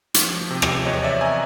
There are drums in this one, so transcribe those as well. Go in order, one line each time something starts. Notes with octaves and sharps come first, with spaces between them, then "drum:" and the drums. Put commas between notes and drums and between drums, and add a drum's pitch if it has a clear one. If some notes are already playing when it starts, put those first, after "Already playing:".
F3, drum: hi-hat
C3
drum: rim click
E2 C#5 D#5
D5 E5
G#5 A#5